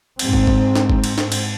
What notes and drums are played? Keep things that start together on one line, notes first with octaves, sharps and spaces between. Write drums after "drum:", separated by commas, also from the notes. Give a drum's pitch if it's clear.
G#2 C4, drum: cymbal
drum: kick
drum: kick
drum: snare
drum: kick
drum: cymbal
drum: snare
drum: cymbal